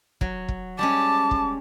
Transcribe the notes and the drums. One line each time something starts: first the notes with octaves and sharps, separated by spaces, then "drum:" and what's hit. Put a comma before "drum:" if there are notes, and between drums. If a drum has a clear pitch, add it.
F#3, drum: kick
drum: kick
G3 G#3 C#4 A5 D6
drum: kick